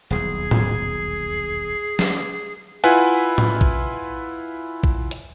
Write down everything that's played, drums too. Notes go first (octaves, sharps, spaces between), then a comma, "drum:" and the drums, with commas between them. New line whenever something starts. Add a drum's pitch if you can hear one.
D#1 B1 E2 G#4
drum: tom A2
drum: snare
E4 F4 B4 F#5 G#5, drum: hi-hat
drum: tom A2
drum: kick A#1
drum: kick A#1
drum: hi-hat